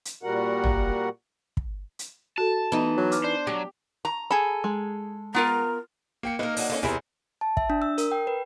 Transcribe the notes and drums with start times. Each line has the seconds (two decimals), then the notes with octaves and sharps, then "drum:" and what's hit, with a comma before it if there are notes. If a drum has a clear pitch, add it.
0.05 drum: hi-hat
0.23 A#2 G3 F#4 A#4 F#5
0.64 drum: tom
1.57 drum: kick
1.99 drum: hi-hat
2.38 F#4 A4 A5
2.72 E3 B3 D#4
2.97 F#3
3.12 D6 F6, drum: hi-hat
3.24 D4 C5
3.47 F#3 G4
4.05 A#5
4.31 G#4 A4 B5
4.64 G#3
5.34 B3 F4 A#4 A#5
6.23 A#3 G5 C#7
6.39 A#3 D#4 A#4 B4
6.57 F#3 D4, drum: open hi-hat
6.70 C#4 F4 A4
6.83 E2 C3 G#4 A#4 E5 B5
7.41 A5
7.57 E5, drum: kick
7.70 D4
7.82 E6
7.98 A#4, drum: hi-hat
8.12 G5
8.27 B4